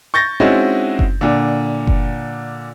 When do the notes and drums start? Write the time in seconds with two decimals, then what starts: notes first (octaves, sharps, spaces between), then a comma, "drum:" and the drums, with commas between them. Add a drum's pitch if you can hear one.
0.14 C#6 G6 A6 A#6
0.40 G#3 C4 C#4 D#4 E4 F#4
0.99 drum: kick F#1
1.21 A#2 D3
1.87 drum: kick F#1